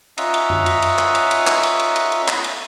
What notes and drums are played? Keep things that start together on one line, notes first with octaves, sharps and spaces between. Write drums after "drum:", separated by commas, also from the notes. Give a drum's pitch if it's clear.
C#4 F4 D#5 E5 F#5 A#5, drum: cymbal
drum: cymbal
drum: tom F#2
drum: cymbal
drum: cymbal
drum: clap
drum: cymbal
drum: cymbal
drum: clap
drum: cymbal
drum: cymbal
drum: cymbal
drum: cymbal
drum: clap
drum: cymbal